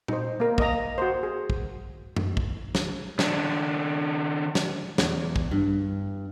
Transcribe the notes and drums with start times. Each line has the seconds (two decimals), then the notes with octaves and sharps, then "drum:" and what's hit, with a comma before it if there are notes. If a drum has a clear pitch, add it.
0.08 D#4 C5, drum: tom A#2
0.40 A#3 A#4
0.58 A#3 D#5 A#5, drum: kick
0.98 F#4 C5
1.23 G#4
1.50 drum: kick
2.16 drum: tom F#2
2.37 drum: kick
2.75 drum: snare
3.19 D#3 D4, drum: snare
4.55 drum: snare
4.98 E2, drum: snare
5.36 drum: kick
5.51 G2